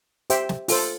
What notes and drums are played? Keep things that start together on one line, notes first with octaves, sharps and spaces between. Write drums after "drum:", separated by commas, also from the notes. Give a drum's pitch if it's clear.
G4 C5 E5 G5, drum: hi-hat
drum: snare
F4 A4 C5, drum: open hi-hat